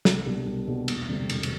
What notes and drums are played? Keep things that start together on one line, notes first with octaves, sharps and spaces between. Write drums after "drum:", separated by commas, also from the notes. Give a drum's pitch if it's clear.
C2, drum: snare
B2 G3 D4 G4
C2
B2 G3 D4 G4
E1, drum: cymbal
D2 C3 G3
E1, drum: cymbal
drum: cymbal